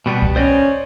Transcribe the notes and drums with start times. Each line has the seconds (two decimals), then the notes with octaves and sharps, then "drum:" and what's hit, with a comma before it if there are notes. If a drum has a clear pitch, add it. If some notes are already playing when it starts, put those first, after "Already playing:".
0.06 B2 G3 B3
0.22 drum: kick C2
0.36 C#4 C5 D5 D#5